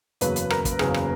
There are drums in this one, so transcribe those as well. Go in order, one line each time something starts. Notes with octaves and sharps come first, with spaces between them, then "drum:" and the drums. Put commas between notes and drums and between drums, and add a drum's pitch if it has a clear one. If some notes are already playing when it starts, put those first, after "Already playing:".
F#1 E2 C#3 F#3 A#3 B4, drum: hi-hat
drum: hi-hat
A#4, drum: rim click
drum: kick, hi-hat
F#1 E2 C#3 F#3 A#3 G#4, drum: rim click
drum: rim click